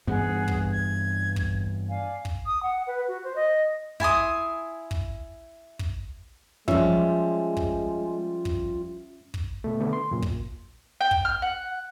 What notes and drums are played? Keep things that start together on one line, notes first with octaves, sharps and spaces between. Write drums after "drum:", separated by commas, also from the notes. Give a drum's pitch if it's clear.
G2 E3 B3 F#4 G#4
drum: kick
G#6
drum: kick
D5 F5 G#5
drum: kick
D#6
F#5
B4
F#4
C5
D#5
E4 G#5 C6 D#6, drum: kick
drum: kick
drum: kick
F3 G3 G#3 C#4 F4 E5, drum: kick
drum: kick
drum: kick
drum: kick
B2 A3
D3 A3 B3
C6
F#2 A#2
drum: kick
G5
drum: kick
F6
F#5